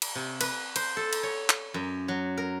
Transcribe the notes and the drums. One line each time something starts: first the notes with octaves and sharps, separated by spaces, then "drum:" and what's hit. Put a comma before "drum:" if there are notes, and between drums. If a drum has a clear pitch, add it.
drum: cymbal
C3
B4, drum: cymbal
C5, drum: cymbal
A4
drum: cymbal
C#5
drum: clap
F#2
F#3
A#4